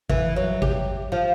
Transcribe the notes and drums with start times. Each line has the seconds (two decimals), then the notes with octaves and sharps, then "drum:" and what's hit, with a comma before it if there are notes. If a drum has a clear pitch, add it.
0.10 E3, drum: kick G#1
0.36 F#3
0.62 G4, drum: kick G#1
1.12 F3